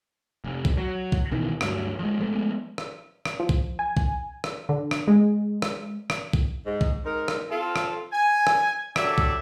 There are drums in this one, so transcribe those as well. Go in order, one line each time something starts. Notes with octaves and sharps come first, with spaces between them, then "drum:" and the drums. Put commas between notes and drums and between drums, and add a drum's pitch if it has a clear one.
F1
drum: kick B1
F#3
drum: kick B1
D#2 B2 D#3 E3
D2 G2 F#3, drum: rim click
F3 G#3
F3 G#3 A3 B3
drum: rim click
drum: rim click
F3
drum: kick B1
G#5
drum: kick B1
drum: rim click
D3
drum: rim click
G#3
drum: rim click
drum: rim click
drum: kick B1
G#2
drum: kick B1
G#2 C4 D#4 A#4
drum: rim click
C4 F4 A4
drum: rim click
G#5
drum: rim click
F#3 D4 G4 A4 D5 E5, drum: rim click
drum: kick B1